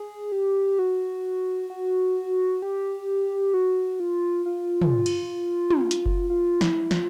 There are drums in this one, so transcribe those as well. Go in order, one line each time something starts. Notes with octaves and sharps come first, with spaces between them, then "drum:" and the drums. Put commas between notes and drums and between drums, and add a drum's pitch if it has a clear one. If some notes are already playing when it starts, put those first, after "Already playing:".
Already playing: G#4
G4
F#4
F#4
G4
F#4
F4
F4
drum: tom
drum: cymbal
drum: tom
drum: hi-hat
drum: kick F#1
F4
E4, drum: snare
F4, drum: snare